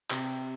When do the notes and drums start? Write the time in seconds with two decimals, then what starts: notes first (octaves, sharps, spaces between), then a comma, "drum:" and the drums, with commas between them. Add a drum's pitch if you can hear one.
0.11 C3, drum: clap